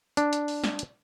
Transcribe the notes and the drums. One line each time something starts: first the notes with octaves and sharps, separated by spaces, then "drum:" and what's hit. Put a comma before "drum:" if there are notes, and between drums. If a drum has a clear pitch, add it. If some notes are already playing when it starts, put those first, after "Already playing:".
D4, drum: hi-hat
drum: hi-hat
drum: open hi-hat
drum: snare
drum: hi-hat